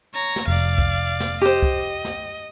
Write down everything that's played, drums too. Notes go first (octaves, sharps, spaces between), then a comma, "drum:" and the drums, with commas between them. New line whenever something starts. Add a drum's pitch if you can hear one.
C#5 A#5
drum: snare
F1 D5 F5
drum: kick
drum: snare
G4 C5 D#5
drum: kick
drum: snare